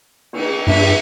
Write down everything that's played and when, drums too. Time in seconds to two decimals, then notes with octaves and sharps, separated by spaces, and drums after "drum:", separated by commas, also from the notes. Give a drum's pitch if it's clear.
0.33 drum: cymbal
0.67 G2 E5, drum: cymbal